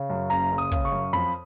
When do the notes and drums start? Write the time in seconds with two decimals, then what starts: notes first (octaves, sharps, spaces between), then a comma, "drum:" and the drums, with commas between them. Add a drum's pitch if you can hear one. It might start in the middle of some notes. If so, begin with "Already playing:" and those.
Already playing: C#3
0.10 F#2
0.30 F#1 A#5, drum: hi-hat
0.52 F#1
0.58 D#6
0.72 C#3, drum: kick, hi-hat
0.85 C#6
0.92 F#2
1.13 F2 B5